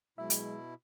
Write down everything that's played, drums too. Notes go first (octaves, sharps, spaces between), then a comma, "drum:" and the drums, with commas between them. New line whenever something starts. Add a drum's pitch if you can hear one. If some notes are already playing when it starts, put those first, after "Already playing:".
B2 F#3 G#3 E4 E5
drum: hi-hat